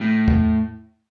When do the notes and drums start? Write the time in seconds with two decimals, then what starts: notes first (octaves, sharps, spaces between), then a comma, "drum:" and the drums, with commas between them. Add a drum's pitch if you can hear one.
0.01 A2
0.28 drum: tom E2